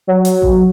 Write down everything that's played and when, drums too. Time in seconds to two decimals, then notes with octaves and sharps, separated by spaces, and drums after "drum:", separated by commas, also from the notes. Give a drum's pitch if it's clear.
0.07 F#3
0.25 drum: hi-hat
0.42 drum: kick A1